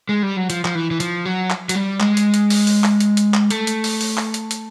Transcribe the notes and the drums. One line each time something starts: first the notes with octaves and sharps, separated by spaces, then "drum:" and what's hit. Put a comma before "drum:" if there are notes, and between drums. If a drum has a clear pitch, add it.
G#3
G3
F#3
F3, drum: hi-hat
F3, drum: clap
E3
E3
F3, drum: hi-hat
F#3
drum: clap
F#3, drum: hi-hat
G3
G#3, drum: clap
drum: hi-hat
drum: hi-hat
drum: open hi-hat
drum: open hi-hat
drum: clap
drum: hi-hat
drum: hi-hat
drum: clap
A3, drum: hi-hat
drum: hi-hat
drum: open hi-hat
drum: open hi-hat
drum: clap
drum: hi-hat
drum: hi-hat